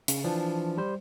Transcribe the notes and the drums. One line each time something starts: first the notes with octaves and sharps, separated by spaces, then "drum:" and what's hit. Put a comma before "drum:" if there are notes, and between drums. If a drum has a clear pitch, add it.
C#3, drum: hi-hat
E3 F3 D4
G3 C5